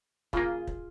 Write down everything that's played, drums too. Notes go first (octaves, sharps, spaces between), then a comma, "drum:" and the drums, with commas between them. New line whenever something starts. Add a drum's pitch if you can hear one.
C#3 A#3 F4 G#4, drum: kick
drum: kick